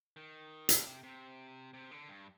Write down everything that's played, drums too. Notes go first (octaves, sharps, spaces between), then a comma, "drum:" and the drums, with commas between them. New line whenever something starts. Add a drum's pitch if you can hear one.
D#3
D3, drum: hi-hat
C3
C3
C3
D3
G2